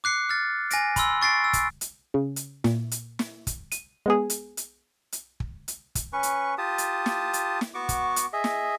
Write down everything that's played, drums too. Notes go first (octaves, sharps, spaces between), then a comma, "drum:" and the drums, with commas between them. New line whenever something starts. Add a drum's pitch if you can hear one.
D6 F#6 C7 C#7
F6 A6
G#5 A#6 D7, drum: hi-hat
B5 C6 E6, drum: kick, hi-hat
C#6 A6 C7 D7
E6
drum: kick, hi-hat
drum: hi-hat
C#3
drum: hi-hat
A#2, drum: snare
drum: hi-hat
drum: snare
drum: kick, hi-hat
D#7, drum: hi-hat
G#3 B3 G#4
drum: hi-hat
drum: hi-hat
drum: hi-hat
drum: kick
drum: hi-hat
drum: kick, hi-hat
C#4 B4 C#6
drum: hi-hat
F4 G4 A5 D#6
drum: hi-hat
drum: snare
drum: hi-hat
drum: snare
B3 F#4 C#6 D6
drum: kick, hi-hat
drum: hi-hat
G#4 D#5 E5
drum: snare